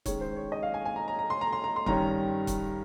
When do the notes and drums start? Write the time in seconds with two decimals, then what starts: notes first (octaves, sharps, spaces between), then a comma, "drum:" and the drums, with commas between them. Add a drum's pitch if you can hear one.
0.06 D#3 G#3 C#4 C#5, drum: kick, hi-hat
0.21 C5
0.36 C#5
0.52 D#5
0.63 F5
0.74 G#5
0.85 G#5
0.96 A#5
1.08 A#5
1.19 A#5
1.30 C6
1.41 A#5
1.53 C6
1.64 A#5
1.76 C6
1.86 G2 D#3 G3 C#4 A#5, drum: kick
2.47 drum: kick, hi-hat